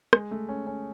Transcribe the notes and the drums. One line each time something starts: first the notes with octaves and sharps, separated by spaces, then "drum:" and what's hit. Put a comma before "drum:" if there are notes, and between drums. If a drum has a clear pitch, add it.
G#3, drum: rim click
A3
C#4
C#4